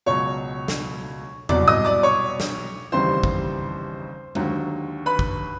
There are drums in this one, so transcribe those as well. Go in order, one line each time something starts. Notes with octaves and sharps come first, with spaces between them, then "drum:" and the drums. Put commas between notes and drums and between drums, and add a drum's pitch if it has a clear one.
C#2 B2 F#3 C#5 C#6
drum: snare
C2 B2 F#3 D5 D6, drum: tom
D#5 D#6, drum: tom G#2
D5 D6
C#5 C#6
drum: snare
F1 D#2 C#3 E3 G3 C5 C6
drum: kick
D#2 D3 F#3, drum: tom G#3
B4 B5
drum: kick